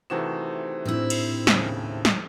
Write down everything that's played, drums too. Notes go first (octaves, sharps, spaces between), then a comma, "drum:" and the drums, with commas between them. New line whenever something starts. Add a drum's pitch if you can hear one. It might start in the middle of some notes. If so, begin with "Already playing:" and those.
C3 D#3 E3 A3 F#4 E7
A2 C4 D4 E4 E6
drum: cymbal
D#2 C#3, drum: snare
drum: snare